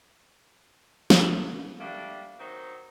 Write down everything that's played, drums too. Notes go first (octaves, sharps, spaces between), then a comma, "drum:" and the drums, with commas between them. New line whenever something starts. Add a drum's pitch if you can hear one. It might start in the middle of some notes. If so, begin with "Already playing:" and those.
drum: snare
G3 A3 A#3 D4
D#3 F#3 C4 D#4